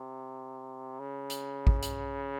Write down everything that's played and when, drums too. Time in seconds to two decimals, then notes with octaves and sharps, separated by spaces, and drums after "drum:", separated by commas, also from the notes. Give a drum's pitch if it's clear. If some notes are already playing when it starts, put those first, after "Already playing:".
Already playing: C3
0.99 C#3
1.30 drum: hi-hat
1.67 drum: kick
1.83 drum: hi-hat